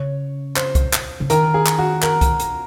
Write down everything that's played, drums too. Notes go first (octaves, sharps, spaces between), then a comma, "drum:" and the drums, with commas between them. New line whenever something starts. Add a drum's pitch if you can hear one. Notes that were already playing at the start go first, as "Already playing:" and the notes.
Already playing: C#3 C#5
C5, drum: clap
drum: kick, hi-hat
drum: clap
C#3
D#3 A#4, drum: hi-hat
G#4
drum: clap
F#4
A#4, drum: clap
drum: kick, hi-hat
drum: hi-hat